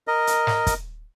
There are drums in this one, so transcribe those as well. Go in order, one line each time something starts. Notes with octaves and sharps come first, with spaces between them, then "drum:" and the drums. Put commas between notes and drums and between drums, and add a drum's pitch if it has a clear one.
A#4 D#5
drum: hi-hat
drum: snare
drum: kick, hi-hat